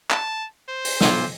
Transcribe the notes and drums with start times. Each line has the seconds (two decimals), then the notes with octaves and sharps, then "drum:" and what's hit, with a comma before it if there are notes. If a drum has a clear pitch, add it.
0.11 A5, drum: clap
0.68 C5
0.85 drum: open hi-hat
1.01 B1 F4 G#5, drum: snare